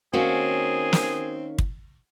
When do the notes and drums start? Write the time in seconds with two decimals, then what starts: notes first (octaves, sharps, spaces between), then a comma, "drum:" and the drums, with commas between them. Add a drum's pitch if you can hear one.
0.13 D#3 A#3 C4 C#4 F#4 G#4
0.93 drum: snare
1.58 drum: kick